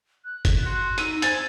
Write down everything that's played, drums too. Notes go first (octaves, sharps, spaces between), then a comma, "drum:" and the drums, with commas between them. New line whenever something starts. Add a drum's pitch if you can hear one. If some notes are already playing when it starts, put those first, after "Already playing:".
F#6
drum: kick, hi-hat
F#4 C6
D#4 E6 D#7, drum: hi-hat
C5 G#5 A6, drum: hi-hat